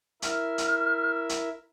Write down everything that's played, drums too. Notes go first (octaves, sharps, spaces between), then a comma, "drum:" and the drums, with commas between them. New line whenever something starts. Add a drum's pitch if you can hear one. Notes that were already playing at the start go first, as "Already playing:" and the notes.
E4 A#4 E5 F6, drum: hi-hat
drum: hi-hat
drum: hi-hat